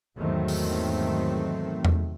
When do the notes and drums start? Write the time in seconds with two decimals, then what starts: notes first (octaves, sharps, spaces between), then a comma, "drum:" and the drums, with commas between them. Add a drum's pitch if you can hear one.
0.16 E2 G#2 D#3 F#3 A3 C4
0.48 drum: open hi-hat
1.85 drum: tom E2